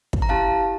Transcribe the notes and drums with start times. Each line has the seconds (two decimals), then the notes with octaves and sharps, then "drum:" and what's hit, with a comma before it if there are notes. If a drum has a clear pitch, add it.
0.13 drum: kick
0.22 A#5
0.29 C#4 E4 G4 F5 A5